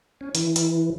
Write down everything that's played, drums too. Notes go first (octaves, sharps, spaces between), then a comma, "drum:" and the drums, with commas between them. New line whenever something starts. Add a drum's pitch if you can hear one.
C#4
E3, drum: hi-hat
drum: hi-hat